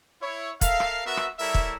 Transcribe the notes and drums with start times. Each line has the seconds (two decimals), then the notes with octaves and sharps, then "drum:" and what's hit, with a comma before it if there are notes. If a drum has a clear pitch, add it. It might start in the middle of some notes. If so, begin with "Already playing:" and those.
0.22 E4 C#5
0.61 A4 A#4 E5 F5, drum: kick, hi-hat
0.80 drum: rim click
1.06 B3 F#4 A#4 E5
1.17 drum: rim click
1.39 G3 E4 A4 A#4 C#5 E5
1.55 drum: kick